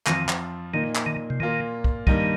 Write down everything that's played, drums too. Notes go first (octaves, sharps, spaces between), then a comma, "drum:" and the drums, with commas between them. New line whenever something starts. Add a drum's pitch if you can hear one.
F2 D#3 F3 C4 F4, drum: clap
drum: clap
A#2 D#3 A#3 D#4
drum: clap
D#3
C3
A#2 D#3 A#3 F4
drum: kick
G2 D#3 G3 A#3 D#4, drum: kick